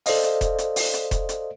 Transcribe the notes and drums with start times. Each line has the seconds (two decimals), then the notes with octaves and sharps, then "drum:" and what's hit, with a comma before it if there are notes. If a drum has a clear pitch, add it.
0.06 A4 C5 D5 D#5 F5, drum: open hi-hat
0.23 drum: hi-hat
0.41 drum: kick E1, hi-hat
0.58 drum: hi-hat
0.76 drum: open hi-hat
0.94 drum: hi-hat
1.11 drum: kick E1, hi-hat
1.29 drum: hi-hat